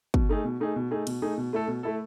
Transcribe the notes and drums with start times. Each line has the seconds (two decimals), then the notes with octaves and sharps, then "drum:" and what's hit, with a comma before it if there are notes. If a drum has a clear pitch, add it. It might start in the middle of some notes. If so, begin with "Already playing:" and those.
0.14 B2, drum: kick
0.29 A3 D#4 G#4
0.44 B2
0.60 A3 D#4 G#4
0.76 B2
0.91 A3 D#4 G#4
1.07 B2, drum: cymbal
1.22 A3 D#4 G#4
1.38 B2
1.53 A3 E4 A4
1.68 B2
1.83 A3 E4 A4